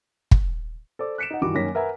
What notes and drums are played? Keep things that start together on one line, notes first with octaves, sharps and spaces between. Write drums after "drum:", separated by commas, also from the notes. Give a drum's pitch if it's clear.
drum: kick
A4 C5 D5 D6
F#6 B6 C#7 D7 E7
D#4 D#5 F#5
G2 D#3 E3 F#4 D6
F#2 D#3 A#3 C#4 A#6 B6
A#4 B4 E5 F#5 G#5 A#5